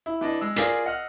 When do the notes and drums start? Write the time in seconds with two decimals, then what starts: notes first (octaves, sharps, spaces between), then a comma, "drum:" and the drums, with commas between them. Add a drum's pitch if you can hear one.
0.06 E4
0.21 E3 D4 D#5
0.41 G#3 E6
0.56 F4 G#4 A#4 D5 B6 C7, drum: hi-hat
0.85 D#5 F#5 F6